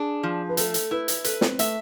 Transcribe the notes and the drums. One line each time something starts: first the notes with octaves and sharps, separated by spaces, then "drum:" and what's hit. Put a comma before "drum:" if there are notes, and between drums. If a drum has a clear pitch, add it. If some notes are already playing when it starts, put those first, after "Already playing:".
Already playing: D4 G#4
F3
B4
A3 A4, drum: hi-hat
drum: hi-hat
E4 B4
drum: hi-hat
A4 B4, drum: hi-hat
C4, drum: snare
A3 E5, drum: hi-hat